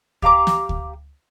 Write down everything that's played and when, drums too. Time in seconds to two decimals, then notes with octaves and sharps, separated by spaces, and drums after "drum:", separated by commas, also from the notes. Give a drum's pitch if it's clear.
0.22 G4 F5 A#5 D6, drum: kick D2
0.47 drum: snare
0.69 drum: kick D2